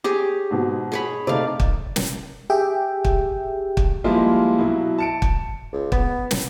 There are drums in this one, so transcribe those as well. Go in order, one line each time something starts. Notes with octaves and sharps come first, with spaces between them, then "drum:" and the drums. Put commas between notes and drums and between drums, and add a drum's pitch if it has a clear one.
G4 G#4 C#5
G#2 B2
G#4 C#5 B5
C3 A3 D#4 D5 F5
drum: kick
drum: snare
G4 G#4 E5 G5
drum: kick
drum: kick
F3 G3 G#3 A#3 E4 F4
B2 F#3 E4
A5 C#7 D7
drum: kick
C#2
B3, drum: kick
drum: snare